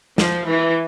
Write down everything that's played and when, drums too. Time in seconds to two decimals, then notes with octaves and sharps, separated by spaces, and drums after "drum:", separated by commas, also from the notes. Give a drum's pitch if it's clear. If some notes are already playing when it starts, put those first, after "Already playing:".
0.18 F3, drum: snare
0.47 E3